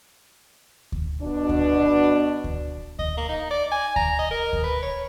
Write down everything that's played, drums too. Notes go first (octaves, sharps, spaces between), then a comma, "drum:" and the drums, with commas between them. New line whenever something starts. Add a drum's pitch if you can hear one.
drum: kick D2
B2 D4
drum: kick D2
drum: kick D2
D#5, drum: kick D2
A#3
D#4
D5
G#5
A#5, drum: kick D2
D#5
A#4
drum: kick D2
B4
C#5